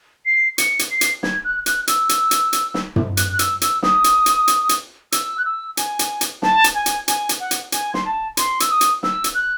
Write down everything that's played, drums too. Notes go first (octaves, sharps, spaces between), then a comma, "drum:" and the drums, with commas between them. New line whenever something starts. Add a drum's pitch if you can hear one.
C7
C#7, drum: hi-hat
drum: hi-hat
C7
drum: hi-hat
G#6, drum: snare
F#6
F#6, drum: hi-hat
E6, drum: hi-hat
drum: hi-hat
drum: hi-hat
drum: hi-hat
drum: snare
drum: tom
F#6, drum: hi-hat
F#6
E6, drum: hi-hat
E6, drum: hi-hat
D#6, drum: snare
drum: hi-hat
drum: hi-hat
drum: hi-hat
drum: hi-hat
E6, drum: hi-hat
F#6
E6
G#5, drum: hi-hat
drum: hi-hat
drum: hi-hat
A5, drum: snare
drum: hi-hat
G#5
drum: hi-hat
G#5, drum: hi-hat
drum: hi-hat
F#5
drum: hi-hat
G#5, drum: hi-hat
C6, drum: snare
A5
C6, drum: hi-hat
E6, drum: hi-hat
D#6
drum: hi-hat
E6, drum: snare
drum: hi-hat
F#6